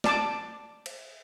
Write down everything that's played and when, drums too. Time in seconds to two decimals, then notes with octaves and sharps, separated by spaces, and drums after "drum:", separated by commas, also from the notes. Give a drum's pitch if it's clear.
0.04 D5 A5 D6, drum: snare
0.86 drum: cymbal